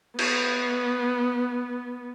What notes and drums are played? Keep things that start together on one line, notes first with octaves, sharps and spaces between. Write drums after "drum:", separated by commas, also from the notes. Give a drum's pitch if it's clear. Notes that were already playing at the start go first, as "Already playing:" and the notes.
B3, drum: cymbal